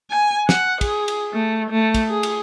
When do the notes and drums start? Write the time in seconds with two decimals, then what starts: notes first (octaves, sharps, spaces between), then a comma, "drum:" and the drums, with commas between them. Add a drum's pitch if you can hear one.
0.11 G#5
0.49 F#5, drum: snare
0.81 G#4, drum: kick, cymbal
1.08 drum: cymbal
1.33 A3
1.70 A3
1.94 drum: kick, cymbal
2.09 G#4
2.23 drum: cymbal